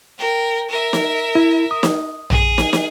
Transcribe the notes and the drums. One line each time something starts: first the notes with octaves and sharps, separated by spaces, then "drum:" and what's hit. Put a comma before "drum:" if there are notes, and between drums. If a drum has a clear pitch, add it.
A#4 G5
A#4 E5
drum: snare
E4
D#6
drum: snare
G#4, drum: tom A#1
drum: snare
drum: snare